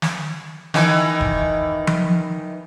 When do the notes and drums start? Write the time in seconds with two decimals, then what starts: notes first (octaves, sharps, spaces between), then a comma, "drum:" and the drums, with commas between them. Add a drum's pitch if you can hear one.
0.02 drum: snare
0.74 D#3 E3, drum: snare
1.21 drum: kick F1
1.87 drum: tom F3